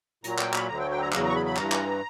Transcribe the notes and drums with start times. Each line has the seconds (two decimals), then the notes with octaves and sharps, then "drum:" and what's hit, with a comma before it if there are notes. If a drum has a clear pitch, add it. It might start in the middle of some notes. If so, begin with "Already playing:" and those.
0.24 A#2 F#3 A#5, drum: hi-hat
0.39 G5, drum: clap
0.54 B5, drum: clap
0.68 D2 D3 F#3 A#5
0.79 G5
0.91 G5
1.02 A#5
1.13 E2 C#3 F#3 A#5, drum: clap
1.24 A#5
1.30 C#6
1.35 B5
1.46 B5
1.56 G2 E3 A#5, drum: clap
1.72 drum: clap